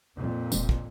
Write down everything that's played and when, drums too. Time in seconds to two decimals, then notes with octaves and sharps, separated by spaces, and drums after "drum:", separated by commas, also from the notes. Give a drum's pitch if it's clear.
0.17 F2 A#2
0.52 E1, drum: tambourine
0.69 drum: kick